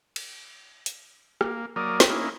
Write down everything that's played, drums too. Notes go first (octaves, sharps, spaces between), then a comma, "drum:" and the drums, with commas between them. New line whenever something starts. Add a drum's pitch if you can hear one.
drum: cymbal
drum: hi-hat
A#3, drum: rim click
F#3 A#3 A#4 D5 D#6
drum: snare
A#3 C#4 D#4 E4